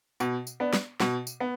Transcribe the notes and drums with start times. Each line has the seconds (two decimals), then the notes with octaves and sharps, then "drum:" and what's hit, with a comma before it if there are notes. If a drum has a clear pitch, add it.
0.20 B2, drum: tambourine
0.47 drum: tambourine
0.60 B3 D4
0.73 drum: snare
1.00 B2, drum: snare
1.27 drum: tambourine
1.40 B3